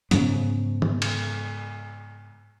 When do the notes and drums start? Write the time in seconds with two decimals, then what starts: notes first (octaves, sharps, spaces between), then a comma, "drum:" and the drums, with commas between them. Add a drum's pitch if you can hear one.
0.11 G#2 C#3 F#3 B3, drum: hi-hat
0.82 drum: tom
1.02 drum: cymbal